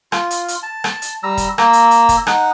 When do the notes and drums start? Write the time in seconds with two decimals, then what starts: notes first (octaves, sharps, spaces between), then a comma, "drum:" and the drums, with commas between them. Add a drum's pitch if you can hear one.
0.12 F4, drum: rim click
0.31 drum: hi-hat
0.48 drum: hi-hat
0.63 A5
0.84 drum: rim click
1.02 drum: hi-hat
1.23 G3 A#5 E6
1.37 drum: kick, hi-hat
1.58 A#3 A#5 E6, drum: rim click
1.73 drum: hi-hat
1.91 drum: hi-hat
2.09 drum: kick, hi-hat
2.27 D#4 F#5, drum: rim click